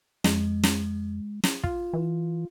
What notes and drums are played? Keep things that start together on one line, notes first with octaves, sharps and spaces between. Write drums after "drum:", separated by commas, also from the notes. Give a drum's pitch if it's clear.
F2 G#3, drum: snare
drum: snare
drum: snare
F4, drum: kick
E3